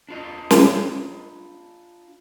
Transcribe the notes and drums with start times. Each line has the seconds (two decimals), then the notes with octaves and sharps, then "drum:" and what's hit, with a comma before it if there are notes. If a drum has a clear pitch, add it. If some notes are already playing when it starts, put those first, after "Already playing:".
0.09 D4 F4 D#5
0.51 drum: snare